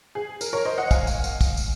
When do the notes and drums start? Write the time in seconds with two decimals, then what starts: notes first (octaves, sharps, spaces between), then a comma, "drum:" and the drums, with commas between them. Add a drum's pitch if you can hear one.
0.15 G#4
0.41 A#4, drum: tambourine
0.53 A#4 C#5
0.65 C5 D#5
0.78 D#5 F#5
0.91 F5 G#5, drum: kick, tambourine
1.07 drum: tambourine
1.24 drum: tambourine
1.41 drum: kick, tambourine
1.57 drum: tambourine